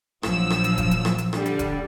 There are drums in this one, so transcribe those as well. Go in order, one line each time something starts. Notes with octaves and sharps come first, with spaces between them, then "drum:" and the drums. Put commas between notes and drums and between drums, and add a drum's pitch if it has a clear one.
A#1 F3 F#3 E6, drum: rim click
drum: rim click
drum: hi-hat
drum: kick, hi-hat
drum: hi-hat
drum: rim click
drum: hi-hat
D3 G3, drum: rim click
drum: hi-hat
drum: kick, hi-hat